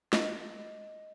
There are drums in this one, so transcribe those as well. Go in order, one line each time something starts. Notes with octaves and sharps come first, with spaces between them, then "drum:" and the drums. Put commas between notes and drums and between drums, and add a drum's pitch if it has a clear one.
D#5, drum: snare